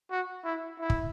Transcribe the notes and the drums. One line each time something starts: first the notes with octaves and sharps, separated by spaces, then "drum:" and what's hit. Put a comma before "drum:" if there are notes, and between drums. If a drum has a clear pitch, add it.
F#4
E4
E4
drum: kick